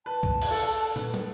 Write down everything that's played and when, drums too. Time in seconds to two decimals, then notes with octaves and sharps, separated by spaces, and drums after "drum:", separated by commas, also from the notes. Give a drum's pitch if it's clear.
0.06 B4 A5
0.23 drum: kick C2
0.41 drum: cymbal
0.51 A4
0.96 B4, drum: tom
1.14 drum: tom